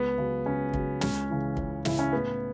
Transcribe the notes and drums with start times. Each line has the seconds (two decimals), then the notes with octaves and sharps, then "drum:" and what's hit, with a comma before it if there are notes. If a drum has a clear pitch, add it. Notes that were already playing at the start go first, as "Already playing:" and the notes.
Already playing: C#2 B3
0.18 C#3 F#3
0.46 C#2 C#4
0.73 C#3 F#3, drum: kick
1.01 C#2 C#4, drum: snare
1.30 C#3 E3
1.57 C#2, drum: kick
1.85 C#3 E3 E4, drum: snare
1.99 C#4
2.13 A2 B3